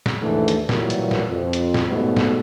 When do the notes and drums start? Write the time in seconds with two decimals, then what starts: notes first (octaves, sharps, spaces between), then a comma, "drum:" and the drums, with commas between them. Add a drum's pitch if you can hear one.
0.06 drum: snare
0.21 D#2 G#2 D3 E3 A3
0.48 drum: hi-hat
0.69 A#2 E3 F#3 G3 A#3, drum: snare
0.90 drum: hi-hat
1.11 drum: snare
1.29 F2
1.53 drum: hi-hat
1.74 drum: snare
1.89 G#2 B2 G3 A3 B3
2.17 drum: snare